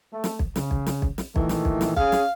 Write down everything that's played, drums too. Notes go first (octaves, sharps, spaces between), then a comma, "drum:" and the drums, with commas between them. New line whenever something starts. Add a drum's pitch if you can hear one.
A3
drum: snare
drum: kick B1
C#3, drum: snare
drum: kick B1
drum: snare
drum: kick B1
drum: snare
A#2 D#3 E3 A3, drum: kick B1
drum: snare
drum: kick B1
drum: snare
C#4 G#4 F5, drum: kick B1
drum: snare